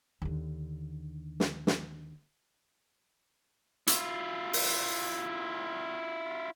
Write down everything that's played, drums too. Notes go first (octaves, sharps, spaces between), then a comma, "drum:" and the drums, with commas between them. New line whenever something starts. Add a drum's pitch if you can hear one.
D#2 D3
drum: snare
drum: snare
E4 F4, drum: hi-hat
drum: open hi-hat